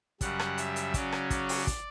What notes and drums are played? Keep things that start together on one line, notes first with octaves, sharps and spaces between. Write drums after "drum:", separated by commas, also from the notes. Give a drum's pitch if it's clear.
F#2 C#3 G3 F#5, drum: kick, hi-hat
drum: rim click
E5, drum: hi-hat
drum: hi-hat
C#3 F#3 C#4 D5, drum: kick, hi-hat
drum: rim click
D5, drum: kick, hi-hat
drum: open hi-hat
drum: kick, hi-hat